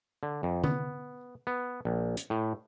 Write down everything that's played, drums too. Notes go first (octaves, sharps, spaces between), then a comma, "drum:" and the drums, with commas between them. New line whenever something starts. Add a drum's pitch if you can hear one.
D3
F2
B3, drum: tom D3
B3
A#1
drum: hi-hat
A2